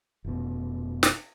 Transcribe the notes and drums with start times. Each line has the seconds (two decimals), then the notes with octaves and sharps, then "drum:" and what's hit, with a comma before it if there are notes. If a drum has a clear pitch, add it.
0.24 F1 B2
1.03 drum: snare